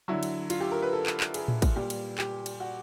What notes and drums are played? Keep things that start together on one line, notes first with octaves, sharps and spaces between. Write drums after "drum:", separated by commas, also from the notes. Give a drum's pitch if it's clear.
D3 F#3 E4
drum: cymbal
F4, drum: cymbal
G4
A#4
B4
A4
drum: clap
drum: clap
G#4, drum: cymbal
drum: tom A2
drum: kick, cymbal
A#2 G3 G4
drum: cymbal
G4, drum: clap
drum: cymbal
F#4